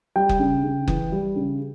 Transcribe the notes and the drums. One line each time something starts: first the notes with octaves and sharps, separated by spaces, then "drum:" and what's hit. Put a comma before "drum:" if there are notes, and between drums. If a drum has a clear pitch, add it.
G3 G5
drum: kick F#1
C#3
C#3
E3, drum: kick F#1
G3
C#3